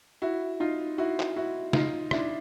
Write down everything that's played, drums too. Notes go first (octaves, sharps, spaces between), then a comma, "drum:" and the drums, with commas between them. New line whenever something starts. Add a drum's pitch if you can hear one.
E4 F#4
D#4 F4
E4 F#4
drum: clap
E4 F#4
D#4 F4, drum: snare
D4 E4, drum: rim click